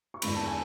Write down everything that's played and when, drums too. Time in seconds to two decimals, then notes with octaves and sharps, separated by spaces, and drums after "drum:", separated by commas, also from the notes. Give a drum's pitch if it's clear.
0.14 C#6
0.22 E2 D3 G#3 B5, drum: cymbal
0.35 A5
0.47 G#5